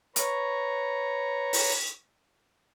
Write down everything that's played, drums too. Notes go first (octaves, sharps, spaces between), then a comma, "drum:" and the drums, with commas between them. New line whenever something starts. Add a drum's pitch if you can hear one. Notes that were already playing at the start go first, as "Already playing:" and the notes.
B4 C#5 A#5 C#6, drum: hi-hat
drum: open hi-hat